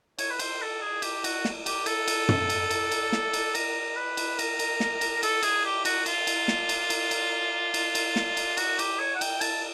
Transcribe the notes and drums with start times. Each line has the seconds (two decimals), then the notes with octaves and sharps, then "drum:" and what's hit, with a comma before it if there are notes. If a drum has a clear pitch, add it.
0.19 C#5, drum: cymbal
0.30 B4
0.39 C5, drum: cymbal
0.61 A4
0.81 G#4
1.02 G4, drum: cymbal
1.24 F#4, drum: cymbal
1.45 drum: snare
1.66 G4, drum: cymbal
1.86 A4, drum: cymbal
2.08 drum: cymbal
2.29 drum: tom
2.50 drum: cymbal
2.71 drum: cymbal
2.92 drum: cymbal
3.12 drum: snare
3.33 drum: cymbal
3.55 A#4, drum: cymbal
3.96 B4
4.17 drum: cymbal
4.39 A#4, drum: cymbal
4.59 drum: cymbal
4.80 drum: snare
5.01 drum: cymbal
5.23 A4, drum: cymbal
5.43 G#4, drum: cymbal
5.65 G4
5.85 F#4, drum: cymbal
6.06 F4, drum: cymbal
6.27 drum: cymbal
6.48 drum: snare
6.69 drum: cymbal
6.90 drum: cymbal
7.11 drum: cymbal
7.74 drum: cymbal
7.95 drum: cymbal
8.16 drum: snare
8.37 drum: cymbal
8.57 F#4, drum: cymbal
8.79 G4, drum: cymbal
8.99 C#5
9.15 F#5
9.21 G5, drum: cymbal
9.41 A5, drum: cymbal